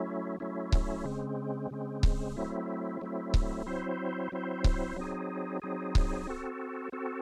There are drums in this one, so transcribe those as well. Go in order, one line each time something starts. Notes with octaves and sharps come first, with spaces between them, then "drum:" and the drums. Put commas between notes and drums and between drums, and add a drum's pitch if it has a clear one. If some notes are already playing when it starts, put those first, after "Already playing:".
Already playing: F#3 A3 C#4 E4
F#3 A3 C#4 E4
drum: kick C#1
C#3 G#3 C4
C#3 G#3 C4
drum: kick C#1
F#3 A3 C4 E4
F#3 A3 C4 E4
drum: kick C#1
F#3 C4 E4 C5
F#3 C4 E4 C5
drum: kick C#1
F#3 C4 D#4 G#4
F#3 C4 D#4 G#4
drum: kick C#1
C4 F#4 A4
C4 F#4 A4